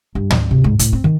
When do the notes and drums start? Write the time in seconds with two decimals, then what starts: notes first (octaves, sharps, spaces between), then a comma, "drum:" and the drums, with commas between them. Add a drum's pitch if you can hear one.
0.15 G2
0.30 F#3, drum: tom
0.51 C3
0.64 G#2
0.79 A2, drum: hi-hat
0.93 C4
1.04 D#3